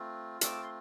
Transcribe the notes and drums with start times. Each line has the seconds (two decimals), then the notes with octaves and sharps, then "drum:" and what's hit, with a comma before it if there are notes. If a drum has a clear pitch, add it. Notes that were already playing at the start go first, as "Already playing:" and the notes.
Already playing: A3 C4 F4
0.41 A3 C4 F4 A5 D6, drum: hi-hat
0.64 C6